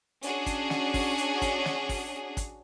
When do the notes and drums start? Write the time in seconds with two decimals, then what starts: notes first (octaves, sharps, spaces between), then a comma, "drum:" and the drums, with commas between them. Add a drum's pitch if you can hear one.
0.23 C#4 D4 F#4 G#4, drum: hi-hat
0.46 drum: kick, hi-hat
0.70 drum: snare
0.94 drum: kick, open hi-hat
1.18 drum: hi-hat
1.42 drum: kick, hi-hat
1.65 drum: snare
1.89 drum: kick, open hi-hat
2.37 drum: kick, hi-hat